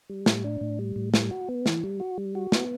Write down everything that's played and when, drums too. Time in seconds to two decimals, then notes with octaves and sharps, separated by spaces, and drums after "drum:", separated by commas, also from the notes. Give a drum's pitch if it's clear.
0.10 G3
0.26 A2, drum: snare
0.44 D4
0.61 A2
0.79 G3
0.96 A2
1.14 G3, drum: snare
1.31 F#4
1.49 B3
1.66 E3, drum: snare
1.84 G3
2.00 F#4
2.18 G3
2.35 F#4
2.52 B3, drum: snare